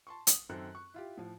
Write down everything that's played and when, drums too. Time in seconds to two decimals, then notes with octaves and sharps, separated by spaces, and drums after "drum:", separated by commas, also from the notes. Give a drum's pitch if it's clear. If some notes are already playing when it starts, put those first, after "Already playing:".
0.07 A5 C6 C#6
0.27 D#6, drum: hi-hat
0.49 F#2 D#3 C4 A4 F#6
0.75 C#6
0.94 E4 F4 G4
1.18 A2 F3